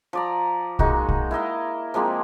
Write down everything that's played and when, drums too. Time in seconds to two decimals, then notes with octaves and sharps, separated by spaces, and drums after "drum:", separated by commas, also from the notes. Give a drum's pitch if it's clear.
0.13 F3 D5 A#5
0.79 G#3 A#3 D#4 F#4, drum: kick
1.09 drum: kick
1.31 E4 A#4 D#5 F5
1.94 F3 G#3 A#3 C4